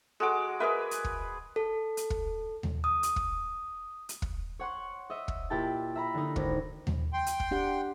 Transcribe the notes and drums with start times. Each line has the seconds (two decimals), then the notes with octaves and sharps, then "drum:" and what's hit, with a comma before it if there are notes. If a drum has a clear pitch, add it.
0.20 G#3 F#4 A4 D6
0.60 G#4 A#4 B4 D#5 E5
0.91 drum: hi-hat
1.04 drum: kick
1.56 A4
1.97 drum: hi-hat
2.10 drum: kick
2.63 drum: tom D#2
2.84 D#6
3.03 drum: hi-hat
3.16 drum: kick
4.09 drum: hi-hat
4.22 drum: kick
4.59 C#5 F#5 C6 C#6
5.10 D#5 E5
5.28 drum: kick
5.50 A#2 E4 G4 G5 A5 A6
5.95 E5 A#5 B5
6.14 D3 D#4
6.36 G#1 A#6, drum: kick
6.87 drum: tom D#2
7.13 G5 C6
7.26 drum: hi-hat
7.40 drum: kick
7.51 D4 G4 F#5